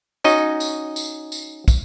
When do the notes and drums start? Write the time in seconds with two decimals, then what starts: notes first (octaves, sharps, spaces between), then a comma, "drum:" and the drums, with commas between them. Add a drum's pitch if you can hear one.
0.24 C#4 D#4 F#4 D#5, drum: tambourine
0.60 drum: tambourine
0.96 drum: tambourine
1.32 drum: tambourine
1.68 drum: kick, tambourine